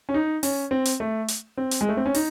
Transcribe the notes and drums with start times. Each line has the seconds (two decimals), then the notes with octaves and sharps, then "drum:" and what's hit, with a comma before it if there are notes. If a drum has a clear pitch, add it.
0.09 C#4
0.14 D#4
0.43 C#4, drum: open hi-hat
0.71 C4
0.85 drum: hi-hat
1.00 A3
1.28 drum: hi-hat
1.57 C4
1.71 drum: hi-hat
1.81 G#3
1.89 A3
1.97 C4
2.06 C#4
2.15 D#4, drum: open hi-hat